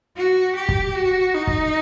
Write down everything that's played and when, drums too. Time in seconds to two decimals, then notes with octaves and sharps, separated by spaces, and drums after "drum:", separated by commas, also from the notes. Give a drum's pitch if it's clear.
0.17 F#4
0.56 G4
0.69 drum: kick
0.95 F#4
1.34 D#4
1.47 drum: kick